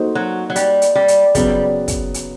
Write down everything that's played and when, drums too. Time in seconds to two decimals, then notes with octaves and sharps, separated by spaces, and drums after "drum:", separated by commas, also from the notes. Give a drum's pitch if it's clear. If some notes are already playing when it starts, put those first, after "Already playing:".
Already playing: A#3 D#4 F#4 A4 C5
0.15 F#3
0.50 F#3
0.56 G3, drum: hi-hat
0.82 drum: hi-hat
0.95 G3
1.08 drum: hi-hat
1.35 C#3 F#3 G3 B3, drum: kick, hi-hat
1.88 drum: kick, hi-hat
2.14 drum: hi-hat